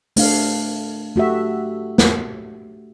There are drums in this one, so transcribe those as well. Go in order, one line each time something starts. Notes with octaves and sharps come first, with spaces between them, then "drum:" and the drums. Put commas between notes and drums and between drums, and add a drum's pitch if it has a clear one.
A3 D4 F5, drum: open hi-hat
A3 F#4 G4 E5
drum: snare